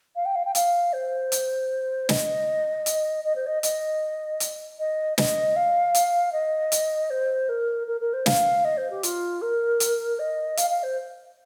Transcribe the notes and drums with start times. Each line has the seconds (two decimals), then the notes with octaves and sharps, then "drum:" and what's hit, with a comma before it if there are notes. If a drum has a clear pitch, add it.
0.16 F5
0.25 G5
0.35 F5
0.45 G5
0.55 F5, drum: hi-hat
0.93 C5
1.32 drum: hi-hat
2.09 D#5, drum: snare
2.86 drum: hi-hat
3.25 D#5
3.36 C5
3.47 D#5
3.63 D#5, drum: hi-hat
4.40 drum: hi-hat
4.79 D#5
5.18 D#5, drum: snare
5.56 F5
5.95 drum: hi-hat
6.33 D#5
6.72 drum: hi-hat
7.10 C5
7.49 A#4
7.87 A#4
8.01 A#4
8.13 C5
8.26 F5, drum: snare
8.65 D#5
8.77 C5
8.90 G4
9.03 F4, drum: hi-hat
9.42 A#4
9.80 drum: hi-hat
10.19 D#5
10.57 F5, drum: hi-hat
10.70 F5
10.83 C5